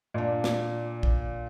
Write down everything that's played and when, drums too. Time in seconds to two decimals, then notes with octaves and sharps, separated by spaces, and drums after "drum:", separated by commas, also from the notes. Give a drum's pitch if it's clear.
0.14 A#2 D4
0.44 drum: snare
1.03 drum: kick A#1